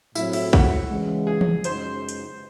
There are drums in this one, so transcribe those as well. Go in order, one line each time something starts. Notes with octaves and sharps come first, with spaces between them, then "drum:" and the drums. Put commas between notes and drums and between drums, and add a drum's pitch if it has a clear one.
A2 F#3 C4 E4, drum: tambourine
E4, drum: cymbal
F#4, drum: kick
C#3 E3 G#3
G#4
drum: tom E3
F#2 C#3 G#3 D#4 C5, drum: hi-hat
drum: hi-hat